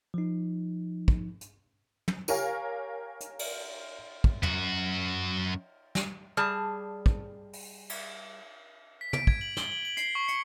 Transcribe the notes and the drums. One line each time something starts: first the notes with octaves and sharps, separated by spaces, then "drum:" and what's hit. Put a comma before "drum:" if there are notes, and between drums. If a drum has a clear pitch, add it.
F3 D#4
drum: kick
drum: hi-hat
drum: tom
G4 A#4 C#5 F5 G#5, drum: tambourine
drum: hi-hat
drum: cymbal
drum: kick
F#2 F#4, drum: tom
drum: snare
G3 G#4 A5
drum: kick
drum: open hi-hat
drum: cymbal
B6
D7, drum: tom
G#6, drum: kick
F#7
G7, drum: snare
F#7
F#7
C7, drum: hi-hat
C#6
C#7, drum: hi-hat